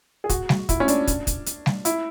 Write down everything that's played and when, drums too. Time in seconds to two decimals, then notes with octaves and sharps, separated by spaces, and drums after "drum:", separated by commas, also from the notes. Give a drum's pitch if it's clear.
0.24 G#4
0.29 F#4, drum: kick, hi-hat
0.49 drum: snare G3
0.69 E4, drum: kick, hi-hat
0.80 C#4
0.88 D4, drum: hi-hat
1.07 drum: kick, hi-hat
1.27 drum: kick, hi-hat
1.46 drum: hi-hat
1.66 drum: snare G3
1.85 E4, drum: hi-hat